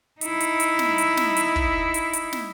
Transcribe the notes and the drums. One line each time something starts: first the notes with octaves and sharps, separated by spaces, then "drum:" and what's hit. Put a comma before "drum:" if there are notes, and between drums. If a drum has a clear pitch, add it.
D#4 E4, drum: hi-hat
drum: hi-hat
drum: hi-hat
drum: snare
drum: hi-hat
drum: snare
drum: hi-hat
drum: kick
drum: hi-hat
drum: hi-hat
drum: snare